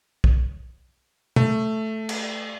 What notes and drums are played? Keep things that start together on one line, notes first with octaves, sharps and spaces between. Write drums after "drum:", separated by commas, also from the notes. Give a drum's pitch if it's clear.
drum: kick
A3, drum: tom B2
drum: cymbal